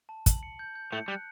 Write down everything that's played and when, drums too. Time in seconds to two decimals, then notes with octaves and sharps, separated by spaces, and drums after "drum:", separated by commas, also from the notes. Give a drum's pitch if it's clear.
0.09 A5
0.26 F#7, drum: kick, hi-hat
0.43 C#7
0.59 G6
0.75 G6
0.92 A2 A3 C#7
1.08 G3 F#6